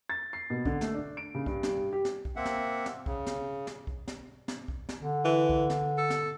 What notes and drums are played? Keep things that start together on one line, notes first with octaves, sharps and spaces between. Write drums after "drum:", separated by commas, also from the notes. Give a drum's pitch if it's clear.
A6
C7
B2
D3, drum: kick
A3, drum: snare
D4
D7
C#3
G2, drum: kick
G2, drum: snare
G4
drum: snare
drum: kick
A#3 C4 E5 F#5
drum: snare
drum: snare
C#3, drum: kick
drum: snare
drum: snare
drum: kick
drum: snare
drum: snare
drum: kick
drum: snare
D3
E3
drum: kick
drum: snare
A4
drum: snare